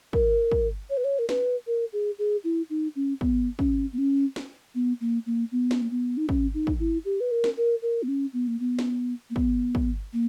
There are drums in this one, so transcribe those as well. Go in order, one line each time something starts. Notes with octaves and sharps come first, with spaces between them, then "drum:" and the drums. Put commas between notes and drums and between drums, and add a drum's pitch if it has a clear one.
A#4, drum: kick
drum: kick
C#5
B4
C#5
A#4
B4, drum: snare
A#4
G#4
G#4
E4
D#4
C#4
B3, drum: kick
C#4, drum: kick
B3
C#4
drum: snare
B3
A#3
A#3
B3
drum: snare
A#3
B3
D#4
C#4, drum: kick
D#4
drum: kick
E4
G4
B4
A#4
drum: snare
A#4
A#4
B3
C#4
B3
A#3
B3
drum: snare
A#3
B3, drum: kick
drum: kick
A#3